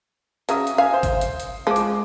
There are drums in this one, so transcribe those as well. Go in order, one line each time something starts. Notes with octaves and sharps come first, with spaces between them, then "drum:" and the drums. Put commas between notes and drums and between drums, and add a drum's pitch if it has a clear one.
C#3 F#3 E5 A#5 D#6, drum: hi-hat
drum: hi-hat
E5 F5 G#5
C5
drum: kick, hi-hat
drum: hi-hat
drum: hi-hat
F3 G#3 D6
drum: hi-hat